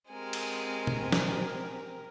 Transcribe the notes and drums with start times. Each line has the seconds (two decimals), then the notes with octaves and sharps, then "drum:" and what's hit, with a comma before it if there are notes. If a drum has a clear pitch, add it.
0.11 G#3 C4 G4 A#4 G#5
0.33 drum: cymbal
0.87 drum: tom B2
1.12 drum: snare